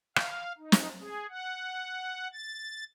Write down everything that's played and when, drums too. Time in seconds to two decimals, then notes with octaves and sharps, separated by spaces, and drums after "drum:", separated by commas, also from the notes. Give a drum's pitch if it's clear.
0.16 F5, drum: rim click
0.58 D#4
0.72 drum: snare
1.00 G#4
1.29 F#5
2.33 A6